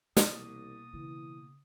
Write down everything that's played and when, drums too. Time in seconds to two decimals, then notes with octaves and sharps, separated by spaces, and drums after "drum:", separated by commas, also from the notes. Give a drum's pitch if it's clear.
0.17 C2 B2 E3 A#3 A5 D#6, drum: snare
0.93 C#3 E3